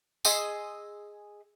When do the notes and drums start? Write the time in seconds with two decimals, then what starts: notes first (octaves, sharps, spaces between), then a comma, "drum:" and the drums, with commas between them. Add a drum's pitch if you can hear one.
0.25 G#4 D#5 C6 E6, drum: tambourine